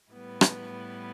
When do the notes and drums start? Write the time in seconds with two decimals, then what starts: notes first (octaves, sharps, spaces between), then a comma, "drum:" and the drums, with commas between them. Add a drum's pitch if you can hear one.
0.12 A2 G3 B3 E4 B4
0.41 drum: rim click